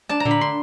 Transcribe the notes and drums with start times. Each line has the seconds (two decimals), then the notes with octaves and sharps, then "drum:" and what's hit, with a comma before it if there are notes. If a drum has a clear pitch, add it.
0.09 D4 A5
0.20 A#5
0.25 D3, drum: tom A2
0.31 B5
0.41 C6